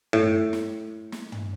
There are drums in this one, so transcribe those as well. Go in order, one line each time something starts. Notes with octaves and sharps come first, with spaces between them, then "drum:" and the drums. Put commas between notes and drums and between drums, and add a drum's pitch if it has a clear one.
A2, drum: tom
drum: snare
drum: snare
drum: tom